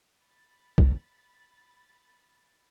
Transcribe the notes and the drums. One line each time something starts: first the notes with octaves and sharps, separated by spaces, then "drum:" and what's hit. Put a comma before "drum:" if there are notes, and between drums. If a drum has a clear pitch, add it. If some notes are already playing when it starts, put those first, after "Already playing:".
B5 A6
drum: kick